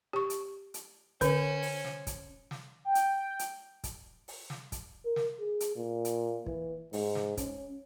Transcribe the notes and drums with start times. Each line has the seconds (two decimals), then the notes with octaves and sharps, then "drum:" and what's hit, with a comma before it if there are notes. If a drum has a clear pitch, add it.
0.13 G4 C#6
0.30 drum: hi-hat
0.74 drum: hi-hat
1.21 D3 C#4 B4 C5, drum: kick, hi-hat
1.62 drum: open hi-hat
1.85 drum: snare
2.07 drum: kick, hi-hat
2.51 drum: snare
2.85 G5
2.95 drum: hi-hat
3.39 drum: hi-hat
3.84 drum: kick, hi-hat
4.28 drum: open hi-hat
4.50 drum: snare
4.72 drum: kick, hi-hat
5.05 A#4
5.16 drum: snare
5.39 G#4
5.60 drum: hi-hat
5.76 A#2
6.05 drum: hi-hat
6.46 E3, drum: kick
6.93 G#2, drum: open hi-hat
7.15 drum: snare
7.37 C#4, drum: kick, hi-hat